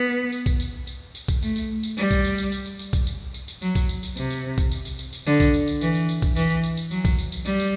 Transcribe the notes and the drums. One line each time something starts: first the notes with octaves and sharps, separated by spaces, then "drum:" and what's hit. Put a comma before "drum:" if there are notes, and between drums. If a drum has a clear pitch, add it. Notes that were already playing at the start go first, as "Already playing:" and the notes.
Already playing: B3
drum: tambourine
drum: kick B1, tambourine
drum: tambourine
drum: tambourine
drum: tambourine
drum: kick B1, tambourine
A3, drum: tambourine
drum: tambourine
drum: tambourine
G3, drum: tambourine
drum: kick B1, tambourine
drum: tambourine
drum: tambourine
drum: tambourine
drum: tambourine
drum: tambourine
drum: kick B1, tambourine
drum: tambourine
drum: tambourine
drum: tambourine
F#3, drum: tambourine
drum: kick B1, tambourine
drum: tambourine
drum: tambourine
C3, drum: tambourine
drum: tambourine
drum: kick B1, tambourine
drum: tambourine
drum: tambourine
drum: tambourine
drum: tambourine
D3, drum: tambourine
drum: kick B1, tambourine
drum: tambourine
drum: tambourine
E3, drum: tambourine
drum: tambourine
drum: tambourine
drum: kick B1, tambourine
E3, drum: tambourine
drum: tambourine
drum: tambourine
drum: tambourine
F#3, drum: tambourine
drum: kick B1, tambourine
drum: tambourine
drum: tambourine
G3, drum: tambourine
drum: tambourine